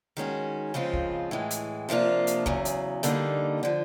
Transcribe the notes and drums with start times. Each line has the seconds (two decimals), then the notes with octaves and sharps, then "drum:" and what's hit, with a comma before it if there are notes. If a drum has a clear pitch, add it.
0.17 D#3 G#3 C#4 F#4
0.74 C#3 F3 G#3 C4 F4
0.93 drum: kick
1.31 A2 E3 G#3
1.51 drum: hi-hat
1.89 C3 F3 A#3 D4 F4
2.27 drum: hi-hat
2.46 E2 C#3 F#3, drum: kick
2.65 drum: hi-hat
3.03 D3 G3 A#3 D#4, drum: hi-hat
3.63 D3 F3